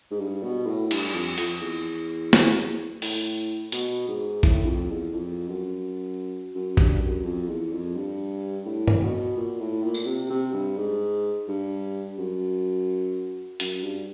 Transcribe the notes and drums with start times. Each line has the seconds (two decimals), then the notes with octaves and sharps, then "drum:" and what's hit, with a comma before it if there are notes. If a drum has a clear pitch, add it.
0.11 G#2
0.20 G2
0.43 B2
0.67 A2
0.91 G2, drum: cymbal
1.14 F2
1.38 F2, drum: hi-hat
1.61 E2
2.33 drum: snare
3.02 A2, drum: open hi-hat
3.72 B2, drum: hi-hat
4.08 G#2
4.43 A2, drum: kick A1
4.66 F2
4.90 E2
5.13 F2
5.49 F#2
6.55 F#2
6.77 G2, drum: kick A1
7.01 F#2
7.24 F2
7.49 E2
7.72 F2
7.96 G2
8.66 A2
8.88 drum: tom G2
9.02 B2
9.37 A#2
9.60 A2
9.83 A#2
9.94 drum: tambourine
10.06 C3
10.30 C3
10.54 G2
10.78 G#2
11.48 G2
12.18 F#2
13.60 F#2, drum: hi-hat
13.83 G2